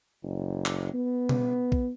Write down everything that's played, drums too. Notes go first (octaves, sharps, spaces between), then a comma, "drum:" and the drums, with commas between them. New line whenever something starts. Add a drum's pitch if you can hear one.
F#1
drum: clap
B3
drum: tom B2
drum: kick A#1